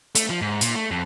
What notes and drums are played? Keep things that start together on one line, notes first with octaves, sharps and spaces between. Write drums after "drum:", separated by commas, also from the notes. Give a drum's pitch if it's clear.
A3, drum: hi-hat
F3
G#2
A#2, drum: hi-hat
A3
F2